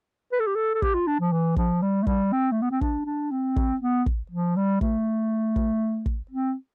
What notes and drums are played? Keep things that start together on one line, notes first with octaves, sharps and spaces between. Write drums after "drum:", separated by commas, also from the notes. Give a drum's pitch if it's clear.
B4
A4
G4
A4
A4
G4, drum: kick
F4
D4
F3
E3
F3, drum: kick
G3
A3
G3, drum: kick
C4
A3
B3
C4
D4, drum: kick
D4
C4
drum: kick
B3
drum: kick
F3
G3
A3, drum: kick
drum: kick
drum: kick
C4